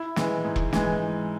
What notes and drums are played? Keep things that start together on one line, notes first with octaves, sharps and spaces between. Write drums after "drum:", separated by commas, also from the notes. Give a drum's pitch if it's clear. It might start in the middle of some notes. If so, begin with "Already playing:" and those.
Already playing: E4
E3 G#3, drum: snare
G#2
drum: kick E1
E3 G#3, drum: snare